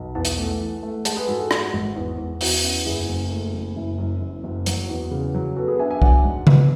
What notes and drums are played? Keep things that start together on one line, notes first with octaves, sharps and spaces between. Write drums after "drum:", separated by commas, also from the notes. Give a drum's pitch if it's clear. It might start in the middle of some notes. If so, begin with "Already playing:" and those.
Already playing: B1
E2 F#5 A5
drum: hi-hat
A3
E3
A3
G#3 F#5 A5, drum: hi-hat
G#4 B4
G#2 F#4 A4
F#4 A4
G#3 F#4, drum: rim click
G#1
E2
E2
E2 F#4, drum: open hi-hat
C#4
F#1 E4 G#4
F#1
A3
F#1
F#1 E4
F#2
F#1
F#1
F#3 F#4, drum: hi-hat
E2
C#3
F#3
B3 F#4 A4
G#4 B4
D4 E5 G#5
E5 G#5
F#3 D5 F#5, drum: kick C2
G#2
B2, drum: tom C#3